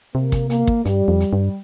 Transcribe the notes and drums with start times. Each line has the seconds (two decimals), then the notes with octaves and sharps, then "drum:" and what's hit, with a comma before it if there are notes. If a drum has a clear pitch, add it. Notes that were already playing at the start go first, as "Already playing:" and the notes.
0.15 C3 A#3
0.32 drum: kick, hi-hat
0.50 A#3, drum: hi-hat
0.67 drum: kick
0.85 G2 G3, drum: hi-hat
1.08 F2
1.20 drum: hi-hat
1.33 G2